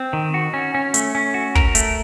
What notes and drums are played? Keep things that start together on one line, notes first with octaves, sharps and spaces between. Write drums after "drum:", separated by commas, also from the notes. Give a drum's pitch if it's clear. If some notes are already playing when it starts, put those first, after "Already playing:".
Already playing: C4
D#3
F#4
C#4
C#4
A3, drum: hi-hat
C#4
F#4
A#4, drum: kick
A3, drum: hi-hat